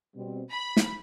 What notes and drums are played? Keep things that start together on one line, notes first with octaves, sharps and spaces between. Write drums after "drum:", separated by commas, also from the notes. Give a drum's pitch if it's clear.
B2 G3 C4
B5
drum: snare